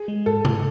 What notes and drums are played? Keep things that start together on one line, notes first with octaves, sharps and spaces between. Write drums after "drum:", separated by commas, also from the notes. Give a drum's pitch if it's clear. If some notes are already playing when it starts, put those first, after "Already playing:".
Already playing: G#4
G#3
G#2 A4
G#2, drum: tom C3